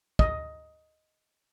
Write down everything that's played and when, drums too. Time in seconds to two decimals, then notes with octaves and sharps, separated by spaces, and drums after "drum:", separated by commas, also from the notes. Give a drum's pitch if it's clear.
0.19 D#5, drum: kick